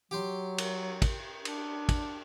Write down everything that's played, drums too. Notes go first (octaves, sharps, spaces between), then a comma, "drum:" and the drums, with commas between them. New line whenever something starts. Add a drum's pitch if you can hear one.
F#3 G4 G5 C6
drum: cymbal
drum: kick, cymbal
D4, drum: cymbal
drum: kick, cymbal